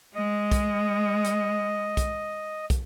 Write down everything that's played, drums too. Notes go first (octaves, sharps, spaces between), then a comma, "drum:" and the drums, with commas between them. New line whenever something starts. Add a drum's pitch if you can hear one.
G#3 D#5
drum: kick, hi-hat
drum: hi-hat
drum: kick, hi-hat
drum: kick, hi-hat